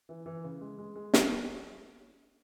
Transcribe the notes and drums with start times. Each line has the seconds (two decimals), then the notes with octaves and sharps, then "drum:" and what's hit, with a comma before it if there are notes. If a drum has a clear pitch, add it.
0.09 E3
0.26 E3
0.44 C#3
0.61 G#3
0.78 G#3
0.96 G#3
1.14 C#4, drum: snare